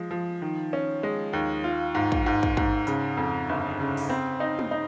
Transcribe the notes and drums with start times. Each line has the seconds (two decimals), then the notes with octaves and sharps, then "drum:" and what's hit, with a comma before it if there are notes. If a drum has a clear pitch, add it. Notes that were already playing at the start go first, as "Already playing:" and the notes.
Already playing: F3 G#3
0.11 F3
0.42 D#3
0.73 C#4
1.03 G#3
1.33 D#2
1.64 F4
1.95 G#2
2.12 drum: kick
2.26 G#2
2.43 drum: kick
2.57 G#2, drum: kick
2.87 C#3, drum: hi-hat
3.17 F2
3.49 G1
3.80 C#3
3.97 drum: open hi-hat
4.09 C4
4.40 D#4
4.59 drum: tom
4.71 D#4